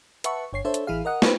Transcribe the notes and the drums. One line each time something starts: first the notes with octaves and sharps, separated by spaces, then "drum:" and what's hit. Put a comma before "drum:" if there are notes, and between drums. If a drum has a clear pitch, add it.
B4 E5 F#5 A5 C#6, drum: hi-hat
G1 C#5 C7
D4 A4 C5 C#5 E5
drum: hi-hat
A1 E3 E4 G#4 F5
A#4 D#5 F#5 D#6
B3 D#4 G4 B4 C5, drum: snare